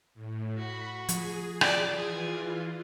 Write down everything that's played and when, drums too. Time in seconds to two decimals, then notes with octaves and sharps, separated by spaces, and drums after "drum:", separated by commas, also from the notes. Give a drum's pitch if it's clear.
0.14 A2
0.57 F#4 B5
1.09 F3 G#4, drum: hi-hat
1.61 D5, drum: rim click
1.97 E3 F4 G#4